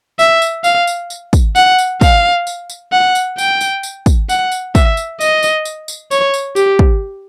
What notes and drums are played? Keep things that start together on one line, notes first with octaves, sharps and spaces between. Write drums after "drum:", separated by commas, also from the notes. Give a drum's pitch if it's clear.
E5, drum: tambourine
drum: tambourine
F5, drum: tambourine
drum: tambourine
drum: tambourine
drum: kick, tambourine
F#5, drum: tambourine
drum: tambourine
F5, drum: kick, tambourine
drum: tambourine
drum: tambourine
F#5
drum: tambourine
G5, drum: tambourine
drum: tambourine
drum: tambourine
drum: kick, tambourine
F#5, drum: tambourine
drum: tambourine
E5, drum: kick, tambourine
drum: tambourine
D#5, drum: tambourine
drum: tambourine
drum: tambourine
drum: tambourine
C#5, drum: tambourine
drum: tambourine
G4, drum: tambourine
drum: kick